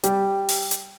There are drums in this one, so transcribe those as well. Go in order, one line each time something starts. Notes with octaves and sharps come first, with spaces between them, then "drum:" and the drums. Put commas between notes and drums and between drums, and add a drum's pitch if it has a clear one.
G3, drum: hi-hat
drum: open hi-hat
drum: hi-hat